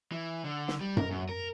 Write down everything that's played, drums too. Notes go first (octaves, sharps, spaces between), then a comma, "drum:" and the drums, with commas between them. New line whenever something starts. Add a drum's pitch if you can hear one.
E3
D3
drum: snare
G3
A#4, drum: tom F#2
F#2
A#4